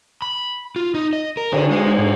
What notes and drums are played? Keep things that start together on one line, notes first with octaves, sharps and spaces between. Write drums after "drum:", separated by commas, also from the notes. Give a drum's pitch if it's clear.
B5
F4
D#4
D#5
A#4
D3, drum: cymbal
G#3
G#2